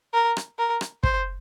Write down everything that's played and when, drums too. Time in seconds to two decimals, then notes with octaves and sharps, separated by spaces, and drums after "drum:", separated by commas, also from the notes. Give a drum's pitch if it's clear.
0.14 A#4
0.37 drum: rim click
0.59 A#4
0.81 drum: rim click
1.03 C5, drum: kick